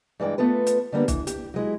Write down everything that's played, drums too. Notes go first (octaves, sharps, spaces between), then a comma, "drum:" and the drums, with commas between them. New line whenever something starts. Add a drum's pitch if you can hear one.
G2 E3 G#3 D5 G5
A3 B3 F4 A4 B4
drum: hi-hat
D3 G3 A#3 B3 D4
E3, drum: kick B1, hi-hat
G4, drum: hi-hat
F#3 G#3 E4